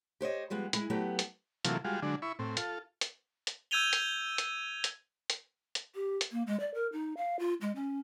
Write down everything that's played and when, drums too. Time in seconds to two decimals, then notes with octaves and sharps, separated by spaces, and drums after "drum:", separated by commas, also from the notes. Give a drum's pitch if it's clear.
0.21 G4 C5 C#5 D#5
0.50 F3 G3 G#3 B3
0.73 G#3 E4, drum: hi-hat
0.90 F#3 A3 B3 G4
1.19 drum: hi-hat
1.65 C3 E3 F#3 A3 A#3 F4, drum: hi-hat
1.85 G3 G#3 F4 F#4
2.02 D3 F#3 G#3 D4
2.22 E4 B5 C#6
2.39 A2 C4
2.57 F4 A4, drum: hi-hat
3.01 drum: hi-hat
3.47 drum: hi-hat
3.71 E6 G6 G#6 D#7 F7 G7
3.93 drum: hi-hat
4.38 drum: hi-hat
4.84 drum: hi-hat
5.30 drum: hi-hat
5.75 drum: hi-hat
5.95 G4
6.21 drum: hi-hat
6.32 A#3
6.47 G#3
6.60 D5
6.74 A#4
6.92 D#4
7.17 F5
7.39 F4
7.61 G#3
7.75 C#4